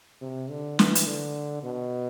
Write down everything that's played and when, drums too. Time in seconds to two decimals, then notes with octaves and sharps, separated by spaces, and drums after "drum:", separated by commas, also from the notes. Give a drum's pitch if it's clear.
0.21 C3
0.50 D3
0.79 E3, drum: snare
0.95 drum: hi-hat
1.07 D3
1.63 B2